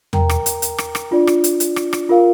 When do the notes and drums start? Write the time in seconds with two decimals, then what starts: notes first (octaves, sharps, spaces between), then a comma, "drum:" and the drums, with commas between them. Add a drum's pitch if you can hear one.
0.13 A#4 G5 A#5, drum: tom E2
0.29 drum: rim click
0.46 drum: hi-hat
0.62 drum: hi-hat
0.78 drum: rim click
0.95 drum: rim click
1.11 D4 F4 D5
1.27 drum: rim click
1.44 drum: hi-hat
1.60 drum: hi-hat
1.76 drum: rim click
1.93 drum: rim click
2.09 F4 A#4 F5